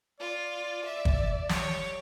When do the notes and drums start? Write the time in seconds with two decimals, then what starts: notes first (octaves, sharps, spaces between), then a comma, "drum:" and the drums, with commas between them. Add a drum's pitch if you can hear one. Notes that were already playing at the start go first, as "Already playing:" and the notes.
0.20 F4 D5
0.85 E5
1.05 drum: kick
1.49 G4 C#5, drum: snare